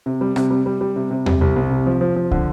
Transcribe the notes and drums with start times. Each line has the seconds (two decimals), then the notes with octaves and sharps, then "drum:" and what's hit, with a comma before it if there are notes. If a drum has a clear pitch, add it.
0.06 C3
0.21 G3
0.36 C3, drum: rim click
0.51 G3
0.66 G3
0.81 G3
0.96 C3
1.11 C3
1.26 G3, drum: tom E2
1.41 C2
1.56 C2
1.71 C3
1.86 F3
2.01 F3
2.16 F3
2.31 D3, drum: kick